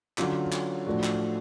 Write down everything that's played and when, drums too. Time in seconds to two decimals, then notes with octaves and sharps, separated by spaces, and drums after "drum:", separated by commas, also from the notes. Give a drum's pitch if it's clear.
0.18 D3 F#3 C#4 F4, drum: clap
0.52 drum: clap
0.87 A2 F3 A3 D4 F#4
1.04 drum: clap